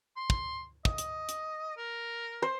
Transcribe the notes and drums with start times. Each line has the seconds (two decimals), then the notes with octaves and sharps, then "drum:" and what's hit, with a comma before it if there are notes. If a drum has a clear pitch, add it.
0.17 C6
0.30 drum: kick
0.85 D#5, drum: kick
0.98 drum: hi-hat
1.29 drum: hi-hat
1.77 A#4
2.42 C5